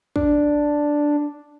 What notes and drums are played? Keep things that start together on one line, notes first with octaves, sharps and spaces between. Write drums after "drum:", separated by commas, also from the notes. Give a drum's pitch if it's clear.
D4, drum: kick